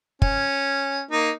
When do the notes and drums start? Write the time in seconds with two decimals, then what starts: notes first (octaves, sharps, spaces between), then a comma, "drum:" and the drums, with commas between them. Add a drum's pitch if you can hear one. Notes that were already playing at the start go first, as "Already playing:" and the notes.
0.22 C#4, drum: kick
1.11 A#3 D#4